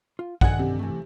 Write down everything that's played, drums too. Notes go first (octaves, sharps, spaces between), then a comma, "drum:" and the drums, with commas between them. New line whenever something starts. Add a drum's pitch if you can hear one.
F4
G2 D3 D#3 F#5 G#5, drum: kick A#1
C3
E3 A3